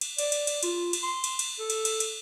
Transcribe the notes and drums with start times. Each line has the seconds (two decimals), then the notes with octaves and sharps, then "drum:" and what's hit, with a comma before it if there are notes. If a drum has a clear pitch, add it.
0.01 drum: cymbal
0.18 D5, drum: cymbal
0.32 drum: cymbal
0.47 drum: cymbal
0.63 F4, drum: cymbal
0.93 drum: cymbal
1.03 C6
1.24 drum: cymbal
1.39 drum: cymbal
1.59 A4
1.70 drum: cymbal
1.85 drum: cymbal
2.00 drum: cymbal